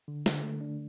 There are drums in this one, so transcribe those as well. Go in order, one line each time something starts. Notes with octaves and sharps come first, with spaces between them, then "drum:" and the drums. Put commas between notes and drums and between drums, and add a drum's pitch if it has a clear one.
D3
D3, drum: snare
A3
D4